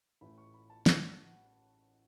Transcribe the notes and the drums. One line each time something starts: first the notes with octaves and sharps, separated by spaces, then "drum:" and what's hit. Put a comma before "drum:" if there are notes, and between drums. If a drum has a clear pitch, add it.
A1 A2 A3 B5
C#6
B5
A5
F#5, drum: snare